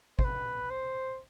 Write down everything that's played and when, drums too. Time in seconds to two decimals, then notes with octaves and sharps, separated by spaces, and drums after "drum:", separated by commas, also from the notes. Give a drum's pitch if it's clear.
0.19 C5, drum: kick
0.24 B4
0.70 C5